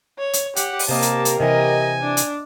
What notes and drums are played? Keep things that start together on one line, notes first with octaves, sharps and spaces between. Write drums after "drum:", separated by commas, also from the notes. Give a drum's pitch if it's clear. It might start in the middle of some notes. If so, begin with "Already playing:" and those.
C#5
drum: hi-hat
G4 F#5, drum: hi-hat
drum: open hi-hat
C3 A#3 G4 A#4 D#5 A5
drum: hi-hat
drum: hi-hat
C3 E3 D#5 G#5
D4
drum: hi-hat